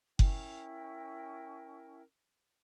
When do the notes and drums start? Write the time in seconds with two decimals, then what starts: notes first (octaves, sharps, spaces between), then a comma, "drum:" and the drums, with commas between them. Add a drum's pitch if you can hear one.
0.19 C#4 E4 A#4 G5, drum: kick F#1